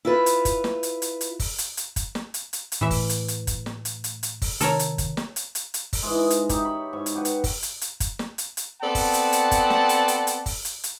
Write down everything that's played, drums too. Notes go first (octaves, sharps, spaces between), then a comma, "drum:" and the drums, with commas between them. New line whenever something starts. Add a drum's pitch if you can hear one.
E4 F4 B4
drum: hi-hat
drum: kick F#1, hi-hat
drum: snare
drum: hi-hat
drum: hi-hat
drum: hi-hat
drum: kick F#1, open hi-hat
drum: hi-hat
drum: hi-hat
drum: kick F#1, hi-hat
drum: snare
drum: hi-hat
drum: hi-hat
drum: hi-hat
A2 E3 E5
drum: kick F#1, open hi-hat
drum: hi-hat
drum: hi-hat
drum: kick F#1, hi-hat
drum: snare
drum: hi-hat
drum: hi-hat
drum: hi-hat
drum: kick F#1, open hi-hat
C3 D#3 A4 A#4 C#5, drum: hi-hat
drum: hi-hat
drum: kick F#1, hi-hat
drum: snare
drum: hi-hat
drum: hi-hat
drum: hi-hat
drum: kick F#1, open hi-hat
G#2 E3 G#3
D#5
drum: hi-hat
D#4 G4 E5, drum: kick F#1, hi-hat
C#5 B5
G#2 C#6
drum: hi-hat
G4 B4 F#5
drum: hi-hat
drum: kick F#1, open hi-hat
drum: hi-hat
drum: hi-hat
drum: kick F#1, hi-hat
drum: snare
drum: hi-hat
drum: hi-hat
B3 C4 A4 D5 F#5 A5
drum: kick F#1, open hi-hat
drum: hi-hat
drum: hi-hat
drum: kick F#1, hi-hat
drum: snare
drum: hi-hat
drum: hi-hat
drum: hi-hat
drum: kick F#1, open hi-hat
drum: hi-hat
drum: hi-hat